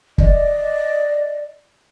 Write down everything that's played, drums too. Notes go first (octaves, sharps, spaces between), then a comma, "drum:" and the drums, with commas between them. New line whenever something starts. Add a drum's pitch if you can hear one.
D5 D#5, drum: kick